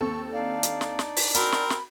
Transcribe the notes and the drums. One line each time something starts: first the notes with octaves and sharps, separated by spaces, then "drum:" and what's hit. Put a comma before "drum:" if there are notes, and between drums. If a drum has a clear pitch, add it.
D#2 C4 A4 C#6
D4 D#4 D5 F5
drum: hi-hat
drum: snare
drum: snare
drum: open hi-hat
C4 F#4 A#4 B5, drum: hi-hat
drum: snare
drum: snare